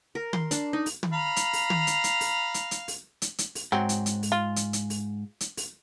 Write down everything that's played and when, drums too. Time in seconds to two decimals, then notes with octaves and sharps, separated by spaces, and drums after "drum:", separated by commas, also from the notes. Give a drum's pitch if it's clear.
0.15 A#4
0.33 C6, drum: tom
0.51 D4, drum: hi-hat
0.73 D#4
0.86 drum: open hi-hat
1.03 drum: tom
1.13 F5 A#5 B5
1.36 drum: hi-hat
1.53 drum: open hi-hat
1.70 drum: tom
1.87 drum: hi-hat
2.04 drum: hi-hat
2.21 drum: open hi-hat
2.54 drum: hi-hat
2.71 drum: hi-hat
2.88 drum: open hi-hat
3.22 drum: hi-hat
3.38 drum: hi-hat
3.55 drum: open hi-hat
3.72 G#2 F#3 C4
3.89 drum: hi-hat
4.06 drum: hi-hat
4.23 drum: open hi-hat
4.32 F4
4.56 drum: hi-hat
4.73 drum: hi-hat
4.90 drum: open hi-hat
5.41 drum: hi-hat
5.57 drum: open hi-hat